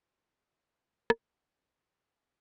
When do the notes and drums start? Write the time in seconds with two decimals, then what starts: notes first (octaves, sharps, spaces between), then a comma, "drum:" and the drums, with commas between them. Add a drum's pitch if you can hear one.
0.07 D3 D#3 F3 G#3 A3
1.10 drum: rim click